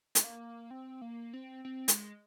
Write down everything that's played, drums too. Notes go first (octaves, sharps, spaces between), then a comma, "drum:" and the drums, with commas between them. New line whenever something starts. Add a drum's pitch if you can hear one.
G#3, drum: hi-hat
A#3
C4
A#3
C4
C4
G#3, drum: hi-hat